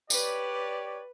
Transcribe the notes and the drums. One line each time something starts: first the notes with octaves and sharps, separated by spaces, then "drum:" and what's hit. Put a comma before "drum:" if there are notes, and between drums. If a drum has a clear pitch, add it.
G4 B4 C#5 D5, drum: tambourine